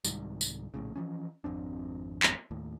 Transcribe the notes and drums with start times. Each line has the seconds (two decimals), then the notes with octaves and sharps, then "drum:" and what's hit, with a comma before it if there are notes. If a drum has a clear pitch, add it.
0.04 C2 G#2 D#3 G3, drum: tambourine
0.41 drum: tambourine
0.74 A#1 A2 C#3
0.96 E3 F3 C#4
1.44 G#1 F2 C4 D4
2.23 drum: clap
2.51 D#2 A2